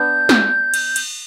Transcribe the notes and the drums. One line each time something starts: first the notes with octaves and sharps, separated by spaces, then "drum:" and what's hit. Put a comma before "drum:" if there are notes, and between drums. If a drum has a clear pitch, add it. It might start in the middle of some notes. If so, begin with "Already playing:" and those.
Already playing: B3 D4 G6
drum: snare
drum: cymbal
drum: cymbal